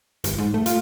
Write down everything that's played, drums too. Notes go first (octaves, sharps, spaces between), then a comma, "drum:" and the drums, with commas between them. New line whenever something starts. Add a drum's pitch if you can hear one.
G1, drum: hi-hat
G#2
A3
F4, drum: hi-hat